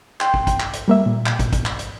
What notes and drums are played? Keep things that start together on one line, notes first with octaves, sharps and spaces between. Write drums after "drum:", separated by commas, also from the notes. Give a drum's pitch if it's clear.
G5 C6, drum: clap
drum: kick
drum: kick, hi-hat
drum: clap
drum: hi-hat
G3 A#3 E5
A#2
drum: clap
drum: kick, hi-hat
drum: kick, hi-hat
drum: clap
drum: hi-hat